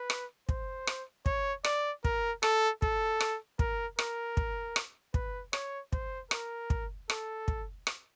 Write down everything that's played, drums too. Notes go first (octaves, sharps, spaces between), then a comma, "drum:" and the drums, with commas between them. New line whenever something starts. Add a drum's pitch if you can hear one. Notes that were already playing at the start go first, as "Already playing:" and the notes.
Already playing: B4
drum: rim click
C5, drum: kick
drum: rim click
C#5, drum: kick
D5, drum: rim click
A#4, drum: kick
A4, drum: rim click
A4, drum: kick
drum: rim click
A#4, drum: kick
A#4, drum: rim click
drum: kick
drum: rim click
B4, drum: kick
C#5, drum: rim click
C5, drum: kick
A#4, drum: rim click
drum: kick
A4, drum: rim click
drum: kick
drum: rim click